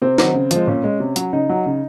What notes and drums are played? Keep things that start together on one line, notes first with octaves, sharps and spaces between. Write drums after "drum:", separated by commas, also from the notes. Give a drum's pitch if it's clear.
C3 C4
D#3 F#3, drum: snare
C#3
F3 G#3, drum: hi-hat
A#2 C#4
G#3
C3
F#3, drum: hi-hat
C#3 D#4
F#3
C#3